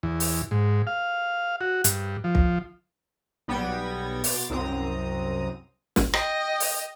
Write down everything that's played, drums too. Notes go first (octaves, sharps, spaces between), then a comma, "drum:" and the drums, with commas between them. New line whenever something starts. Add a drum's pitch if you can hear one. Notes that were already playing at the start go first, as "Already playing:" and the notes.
E2
drum: open hi-hat
G#2
F5
F#4
G2, drum: hi-hat
F3
drum: kick
B1 G3 B3 G5 G#6 A#6
B2 C6 D6 A6, drum: open hi-hat
C2 F#2 C4 A#5 D#6
drum: snare
D#5 G5, drum: rim click
drum: open hi-hat